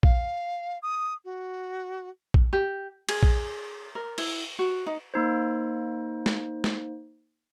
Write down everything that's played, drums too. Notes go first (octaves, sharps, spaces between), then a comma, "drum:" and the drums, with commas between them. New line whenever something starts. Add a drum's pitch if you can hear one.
F5, drum: kick A#1
D#6
F#4
drum: kick A#1
G4
G#4, drum: cymbal
drum: kick A#1
A#4
E4, drum: cymbal
F#4
D#4
A#3 D#4 C5
drum: snare
drum: snare